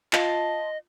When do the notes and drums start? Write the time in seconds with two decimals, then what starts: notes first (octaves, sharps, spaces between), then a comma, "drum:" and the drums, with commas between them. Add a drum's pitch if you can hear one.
0.13 F4 D#5 A5 C6, drum: clap